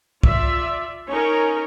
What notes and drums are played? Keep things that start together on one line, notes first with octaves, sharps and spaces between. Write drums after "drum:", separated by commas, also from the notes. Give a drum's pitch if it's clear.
F4 D5 E5, drum: kick C2
C#4 D#4 A#4 C#5